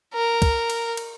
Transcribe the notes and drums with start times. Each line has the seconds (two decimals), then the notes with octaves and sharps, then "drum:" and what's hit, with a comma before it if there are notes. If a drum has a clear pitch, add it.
0.14 A#4
0.42 drum: kick, cymbal
0.70 drum: cymbal
0.97 drum: cymbal